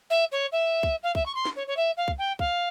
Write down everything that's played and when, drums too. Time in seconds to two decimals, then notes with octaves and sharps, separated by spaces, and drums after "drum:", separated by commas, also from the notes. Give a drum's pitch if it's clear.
0.10 E5
0.32 C#5
0.52 E5
0.83 drum: kick
1.03 F5
1.15 E5, drum: kick
1.26 C#6
1.35 C6
1.45 drum: snare
1.56 C#5
1.67 C#5
1.77 E5
1.97 F5
2.08 drum: kick
2.18 G5
2.39 F5, drum: kick